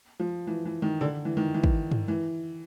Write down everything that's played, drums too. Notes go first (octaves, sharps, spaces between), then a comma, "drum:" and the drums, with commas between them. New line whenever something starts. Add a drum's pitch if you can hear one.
F3
E3
E3
D#3
D3
E3
D#3
E3
drum: kick
drum: tom
E3